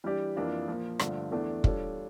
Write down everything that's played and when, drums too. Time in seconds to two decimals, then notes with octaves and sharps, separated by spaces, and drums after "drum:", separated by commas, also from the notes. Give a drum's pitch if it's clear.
0.04 E3 G3 D4 G4 D5
0.36 F2 E3 A#3 D4 F4
0.68 A#2 F3 A#3
0.99 G2 D3 F3 A3, drum: rim click
1.31 E2 E3 A3 D4 A4
1.64 G3 D4 F4 A4 C#5, drum: kick